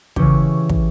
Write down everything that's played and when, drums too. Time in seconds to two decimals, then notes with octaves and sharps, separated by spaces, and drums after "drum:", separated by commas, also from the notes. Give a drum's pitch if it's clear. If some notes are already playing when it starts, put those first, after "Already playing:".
0.16 C#3 E3 C#4 G4, drum: kick
0.69 drum: kick